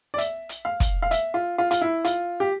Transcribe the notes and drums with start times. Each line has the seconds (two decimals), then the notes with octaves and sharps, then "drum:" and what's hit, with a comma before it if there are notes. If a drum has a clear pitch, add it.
0.14 D5
0.18 E5, drum: hi-hat
0.49 drum: hi-hat
0.65 F5
0.80 drum: kick, hi-hat
1.02 F5
1.11 E5, drum: hi-hat
1.34 F4
1.58 F4
1.71 F4, drum: hi-hat
1.81 E4
2.05 F4, drum: hi-hat
2.40 G4